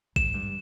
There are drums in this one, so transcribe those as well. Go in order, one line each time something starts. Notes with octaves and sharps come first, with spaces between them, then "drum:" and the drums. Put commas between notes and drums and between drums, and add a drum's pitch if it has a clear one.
G#2 E7, drum: kick A1
G2